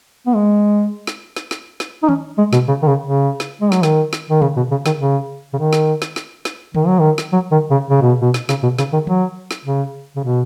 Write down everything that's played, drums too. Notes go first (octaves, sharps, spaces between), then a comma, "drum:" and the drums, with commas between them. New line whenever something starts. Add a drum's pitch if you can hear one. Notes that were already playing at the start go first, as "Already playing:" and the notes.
B3
G#3
drum: snare
drum: snare
drum: snare
drum: snare
D#4
C#4, drum: tom D#3
G#3
B2, drum: snare
C#3
D#3
C#3
C#3
drum: snare
G#3
F#3, drum: snare
D#3, drum: snare
drum: snare
D#3
C#3, drum: tom D3
B2
C#3
D#3, drum: snare
C#3
C#3
D#3
drum: snare
drum: snare
drum: snare
drum: snare
D#3, drum: tom D3
F#3
D#3
drum: snare
F#3
D#3
C#3
C#3
B2
B2
drum: snare
C#3, drum: snare
B2
C#3, drum: snare
D#3
F#3, drum: tom D#3
drum: snare
C#3
C#3
B2